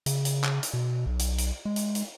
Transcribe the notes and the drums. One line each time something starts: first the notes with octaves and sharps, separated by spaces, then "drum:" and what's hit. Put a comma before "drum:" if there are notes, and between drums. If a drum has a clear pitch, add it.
C#3, drum: hi-hat
drum: hi-hat
drum: clap
drum: hi-hat
B2
B1
drum: hi-hat
drum: hi-hat
G#3
drum: hi-hat
drum: hi-hat